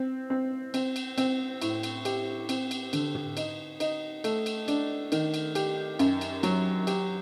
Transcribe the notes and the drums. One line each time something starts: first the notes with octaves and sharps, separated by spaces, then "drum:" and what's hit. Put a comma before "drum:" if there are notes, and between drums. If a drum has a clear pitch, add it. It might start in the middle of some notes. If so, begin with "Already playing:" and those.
Already playing: C4
C4
C4, drum: cymbal
drum: cymbal
C4, drum: cymbal
A2, drum: cymbal
drum: cymbal
G4, drum: cymbal
C4, drum: cymbal
drum: cymbal
D3, drum: cymbal
drum: tom
D#4, drum: cymbal
D#4, drum: cymbal
A3, drum: cymbal
drum: cymbal
D4, drum: cymbal
D#3, drum: cymbal
drum: cymbal
G4, drum: cymbal
F#2, drum: cymbal
drum: cymbal
F#3, drum: cymbal
G4, drum: cymbal